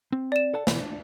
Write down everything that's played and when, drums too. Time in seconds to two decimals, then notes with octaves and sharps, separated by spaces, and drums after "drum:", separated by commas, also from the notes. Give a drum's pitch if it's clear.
0.12 C4
0.32 D5 E7
0.54 A4 F#5 A5
0.67 D2 B2 E3, drum: snare
0.80 D4